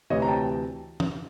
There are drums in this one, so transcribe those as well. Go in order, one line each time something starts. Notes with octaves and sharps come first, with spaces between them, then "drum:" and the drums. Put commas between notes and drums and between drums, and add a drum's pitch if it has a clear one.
D2 C3 E3 C#5 D#5
A#5
G5 A5
drum: tom